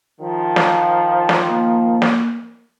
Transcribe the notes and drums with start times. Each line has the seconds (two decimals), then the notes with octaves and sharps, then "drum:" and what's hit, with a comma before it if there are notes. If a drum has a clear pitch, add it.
0.20 D#3 F3
0.56 drum: snare
1.29 drum: snare
1.50 A#3
2.02 drum: snare